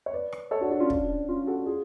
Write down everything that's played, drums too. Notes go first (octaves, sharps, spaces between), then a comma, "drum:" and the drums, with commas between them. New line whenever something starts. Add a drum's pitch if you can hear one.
C#5
B4 D5
drum: rim click
A4 C#5
D4 F#4
D4 F#4
C#4 F4
D4, drum: kick
D4
C#4 F4
F#4 A4
F4 G#4